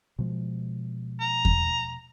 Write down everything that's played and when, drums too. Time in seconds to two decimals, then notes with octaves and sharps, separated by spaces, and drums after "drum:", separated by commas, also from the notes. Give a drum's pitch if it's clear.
0.19 B2 F3 G#3
1.20 A#5
1.45 drum: kick E2